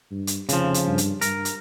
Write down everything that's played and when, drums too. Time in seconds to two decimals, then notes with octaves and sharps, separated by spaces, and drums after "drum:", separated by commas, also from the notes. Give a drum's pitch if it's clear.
0.11 G2
0.27 drum: hi-hat
0.49 F1 C#3 F3, drum: hi-hat
0.74 drum: hi-hat
0.87 G2
0.98 drum: hi-hat
1.21 G2 A#4, drum: hi-hat
1.45 drum: hi-hat